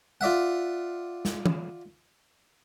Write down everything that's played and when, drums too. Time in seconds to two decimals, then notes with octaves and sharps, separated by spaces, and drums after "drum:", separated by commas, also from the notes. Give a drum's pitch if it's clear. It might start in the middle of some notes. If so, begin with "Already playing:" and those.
0.21 F4 D5 E5 F#5
1.25 drum: snare
1.46 drum: tom E3